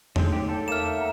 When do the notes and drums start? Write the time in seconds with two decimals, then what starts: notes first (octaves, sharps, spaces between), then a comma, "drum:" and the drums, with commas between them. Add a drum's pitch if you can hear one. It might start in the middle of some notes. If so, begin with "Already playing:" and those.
0.16 D3 G#3 A3 C4 D#4 C#5, drum: tom E2
0.32 G4
0.49 A4 G5 A5
0.68 A#3 E5 F6 E7
0.97 F#5 A#5